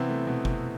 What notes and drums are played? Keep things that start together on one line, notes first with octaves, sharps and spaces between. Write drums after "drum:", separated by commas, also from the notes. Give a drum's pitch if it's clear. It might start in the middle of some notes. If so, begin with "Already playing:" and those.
Already playing: C3 E3 B3 C4 E4
A3
B2 B3
C3 C4, drum: kick F#1